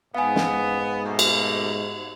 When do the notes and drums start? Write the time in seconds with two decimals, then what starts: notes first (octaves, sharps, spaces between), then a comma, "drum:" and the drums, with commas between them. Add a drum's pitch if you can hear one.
0.15 G#2 B3 F5 G#5
0.36 drum: snare
1.05 B2 A3 A#3
1.19 drum: cymbal